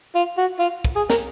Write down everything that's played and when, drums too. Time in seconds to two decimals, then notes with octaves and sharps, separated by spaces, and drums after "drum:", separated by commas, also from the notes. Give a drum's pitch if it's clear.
0.15 F4
0.38 F#4
0.59 F4
0.85 drum: kick
0.96 G#4
1.10 A#4, drum: snare